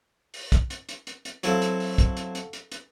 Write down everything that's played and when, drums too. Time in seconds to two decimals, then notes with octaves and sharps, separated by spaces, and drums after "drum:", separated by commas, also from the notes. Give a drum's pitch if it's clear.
0.34 drum: open hi-hat
0.52 drum: kick, hi-hat
0.70 drum: hi-hat
0.89 drum: hi-hat
1.07 drum: hi-hat
1.25 drum: hi-hat
1.43 F#3 C4 E4 F#4 A4 F5, drum: hi-hat
1.62 drum: hi-hat
1.80 drum: open hi-hat
1.98 drum: kick, hi-hat
2.17 drum: hi-hat
2.35 drum: hi-hat
2.53 drum: hi-hat
2.72 drum: hi-hat